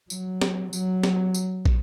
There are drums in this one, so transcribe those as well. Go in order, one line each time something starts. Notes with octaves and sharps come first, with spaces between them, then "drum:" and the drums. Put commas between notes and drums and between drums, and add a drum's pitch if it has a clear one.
F#3, drum: tambourine
drum: snare
F#3, drum: tambourine
drum: snare
drum: tambourine
drum: kick